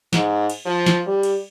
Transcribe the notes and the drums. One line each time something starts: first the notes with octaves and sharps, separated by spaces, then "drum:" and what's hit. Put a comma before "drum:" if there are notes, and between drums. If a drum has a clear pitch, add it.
G#2, drum: snare
drum: cymbal
F3
drum: snare
G3
drum: cymbal